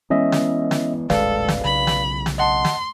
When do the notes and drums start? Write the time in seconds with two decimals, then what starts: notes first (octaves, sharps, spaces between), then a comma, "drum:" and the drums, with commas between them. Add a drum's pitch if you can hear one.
0.10 E3 G#3 B3 C#4 D#5 E5
0.32 drum: snare
0.71 drum: snare
1.10 D#1 A1 G#3 A4 B4 D5 F5, drum: snare
1.48 drum: snare
1.64 B1 C#3 B5
1.87 drum: snare
2.26 drum: snare
2.38 D#5 F#5 A5 C6
2.65 drum: snare